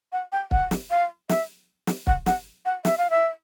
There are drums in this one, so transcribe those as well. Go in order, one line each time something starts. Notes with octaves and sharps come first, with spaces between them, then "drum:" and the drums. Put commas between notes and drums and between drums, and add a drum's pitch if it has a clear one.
F#5
G5
F#5, drum: kick
drum: snare
F5
E5, drum: snare
drum: snare
F#5, drum: kick
F#5, drum: snare
F#5
E5, drum: snare
F5
E5